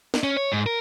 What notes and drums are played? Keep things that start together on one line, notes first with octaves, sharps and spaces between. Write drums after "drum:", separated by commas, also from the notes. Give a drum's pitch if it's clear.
drum: snare
C#4
C#5
G#2
A#4